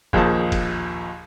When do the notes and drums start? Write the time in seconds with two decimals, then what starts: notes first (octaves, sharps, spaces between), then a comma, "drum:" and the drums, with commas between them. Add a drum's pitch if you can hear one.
0.13 A#1 D#2 F3 G#4 D#5 A5, drum: kick
0.52 drum: kick, cymbal